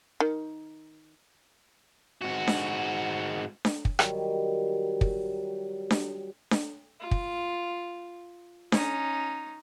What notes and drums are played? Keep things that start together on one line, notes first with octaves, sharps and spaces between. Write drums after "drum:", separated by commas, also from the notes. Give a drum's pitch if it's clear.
D#3
G#2 F#4
drum: snare D4
drum: snare D4
drum: kick
D#3 F#3 G3, drum: rim click
drum: kick
drum: snare D4
drum: snare D4
F4
drum: kick
C#4 D#4, drum: snare D4